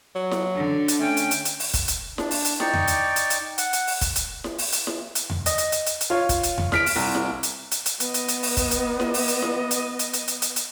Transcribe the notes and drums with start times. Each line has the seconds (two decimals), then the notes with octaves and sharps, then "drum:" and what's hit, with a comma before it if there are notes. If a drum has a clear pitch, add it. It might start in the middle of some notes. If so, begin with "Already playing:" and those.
0.15 F#3
0.31 drum: snare E4
0.55 D3
0.88 drum: hi-hat
0.99 A3 C#4 G5
1.17 drum: hi-hat
1.31 drum: hi-hat
1.45 drum: hi-hat
1.60 drum: open hi-hat
1.74 drum: kick, hi-hat
1.88 drum: hi-hat
2.18 D4, drum: snare E4
2.31 drum: open hi-hat
2.45 drum: hi-hat
2.60 D#4 D5 G5 C#6, drum: snare E4
2.73 drum: tom E2
2.88 drum: hi-hat
3.16 drum: hi-hat
3.30 drum: hi-hat
3.58 F#5, drum: hi-hat
3.73 drum: hi-hat
3.87 drum: open hi-hat
4.01 drum: kick, hi-hat
4.16 drum: hi-hat
4.44 drum: snare E4
4.58 drum: open hi-hat
4.73 drum: hi-hat
4.87 drum: snare E4
5.15 drum: hi-hat
5.30 drum: tom E2
5.46 D#5, drum: hi-hat
5.58 drum: hi-hat
5.72 drum: hi-hat
5.87 drum: hi-hat
6.01 drum: hi-hat
6.10 F4 C#5
6.29 drum: kick, hi-hat
6.43 drum: hi-hat
6.58 drum: tom E2
6.72 F6 B6 D7, drum: snare E4
6.86 drum: open hi-hat
6.96 C2
7.15 drum: snare E4
7.43 drum: hi-hat
7.72 drum: hi-hat
7.86 drum: hi-hat
8.00 B3 D#5, drum: hi-hat
8.14 drum: hi-hat
8.28 drum: hi-hat
8.43 drum: open hi-hat
8.57 drum: kick, hi-hat
8.71 drum: hi-hat
9.00 drum: snare E4
9.14 drum: open hi-hat
9.28 drum: hi-hat
9.42 drum: snare E4
9.71 drum: hi-hat
9.99 drum: hi-hat
10.14 drum: hi-hat
10.28 drum: hi-hat
10.42 drum: hi-hat
10.56 drum: hi-hat